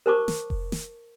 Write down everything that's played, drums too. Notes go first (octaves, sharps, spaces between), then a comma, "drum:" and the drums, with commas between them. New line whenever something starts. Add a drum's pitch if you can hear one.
A#4 C5 A5 C#6 D6
drum: snare
drum: kick F1
drum: snare